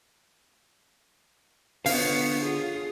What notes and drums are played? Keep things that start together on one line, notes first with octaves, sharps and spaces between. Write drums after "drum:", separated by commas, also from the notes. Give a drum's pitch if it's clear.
D3 B3 F4 C#5 F5, drum: open hi-hat
F4 G#4